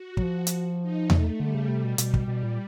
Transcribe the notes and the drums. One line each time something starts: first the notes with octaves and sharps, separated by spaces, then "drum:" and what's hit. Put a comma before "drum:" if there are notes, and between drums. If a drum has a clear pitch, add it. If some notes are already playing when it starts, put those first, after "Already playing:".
Already playing: F#4
F#3, drum: kick
F3
drum: hi-hat
D#4
A3, drum: tom E2
D3 G3
C#3
C3
B2
B2 G3, drum: hi-hat
drum: kick
B2 G3
A#2